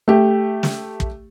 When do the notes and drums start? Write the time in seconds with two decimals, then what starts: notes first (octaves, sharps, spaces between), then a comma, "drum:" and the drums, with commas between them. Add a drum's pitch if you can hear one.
0.08 A3 G4
0.63 drum: snare
1.00 drum: kick